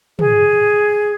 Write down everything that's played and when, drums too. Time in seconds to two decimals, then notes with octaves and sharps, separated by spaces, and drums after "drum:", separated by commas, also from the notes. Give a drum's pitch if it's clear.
0.19 G#4, drum: tom